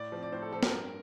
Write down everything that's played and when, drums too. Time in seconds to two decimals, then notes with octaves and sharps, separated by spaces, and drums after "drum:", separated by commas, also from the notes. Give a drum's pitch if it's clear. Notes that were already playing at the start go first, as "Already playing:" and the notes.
Already playing: A2 D5
0.12 F3 C4
0.23 D5
0.32 A2 C5
0.42 A4
0.52 F3 C4 A4
0.63 A#4, drum: snare
0.73 G2